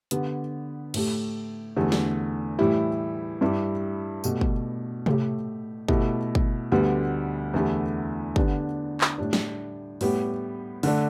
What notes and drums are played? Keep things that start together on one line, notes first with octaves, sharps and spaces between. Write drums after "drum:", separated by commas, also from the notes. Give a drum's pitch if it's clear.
D3 B3 G4, drum: hi-hat
A2 A3 G4, drum: cymbal
E2 D3 A3 G4
drum: snare
A2 E3 G3 E4 G4
G2 G3 E4 G4
B2 A3 G4, drum: tambourine
drum: kick
A2 A3 G4, drum: tom C3
B2 A3 E4 G4, drum: kick
drum: kick
D2 D3 G3 B3
E2 D3 A3 E4 G4
D3 B3 D4 G4, drum: kick
drum: clap
A2 G3 D4
drum: snare
A2 G3 B3 G4, drum: open hi-hat
D3 A3 D4, drum: open hi-hat